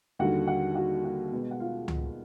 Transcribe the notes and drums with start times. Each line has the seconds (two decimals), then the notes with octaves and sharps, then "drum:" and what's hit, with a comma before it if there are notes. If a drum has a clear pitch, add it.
0.19 D#2 D3 G3 F#4 F#5
0.47 F#4 F#5
0.75 F#4 F#5
1.04 F#4 F#5
1.32 B2 G#3 B3
1.51 F#5
1.60 F4 F5
1.88 drum: tom C#2